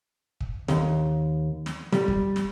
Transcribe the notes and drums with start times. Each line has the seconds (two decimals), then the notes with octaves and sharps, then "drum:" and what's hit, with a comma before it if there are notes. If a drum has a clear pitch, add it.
0.41 drum: kick
0.68 D#2, drum: snare
1.66 drum: snare
1.92 G3, drum: snare
2.08 drum: kick
2.36 drum: snare